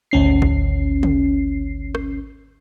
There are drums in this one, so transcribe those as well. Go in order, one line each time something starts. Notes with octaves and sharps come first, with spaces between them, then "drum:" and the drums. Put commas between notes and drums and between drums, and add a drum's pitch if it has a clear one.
G#1 D2 C#4 C7
drum: kick A1
drum: tom
drum: rim click